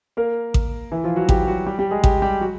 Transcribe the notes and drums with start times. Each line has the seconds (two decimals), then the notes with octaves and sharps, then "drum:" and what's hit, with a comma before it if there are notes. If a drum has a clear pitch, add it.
0.17 A#3 A#4
0.54 drum: kick A1
0.92 E3 E4
1.04 F3 F4
1.16 F#3 F#4
1.29 G3 G4, drum: kick A1
1.47 F#3 F#4
1.66 G3 G4
1.79 G3 G4
1.91 G#3 G#4
2.04 G3 G4, drum: kick A1
2.22 G3 G4
2.41 F#3 F#4